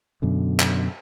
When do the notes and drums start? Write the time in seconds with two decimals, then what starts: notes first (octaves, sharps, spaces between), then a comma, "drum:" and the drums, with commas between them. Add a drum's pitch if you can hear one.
0.22 F#2 B2 D3
0.60 drum: clap